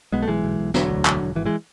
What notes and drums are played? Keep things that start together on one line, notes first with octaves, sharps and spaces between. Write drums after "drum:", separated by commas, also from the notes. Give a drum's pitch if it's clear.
B1 G#3 B3
A3
B1 E3 G#3
B1
B1
E1 D3 F#3, drum: snare
D2
E1, drum: clap
E1
G#1 E3
E3 G#3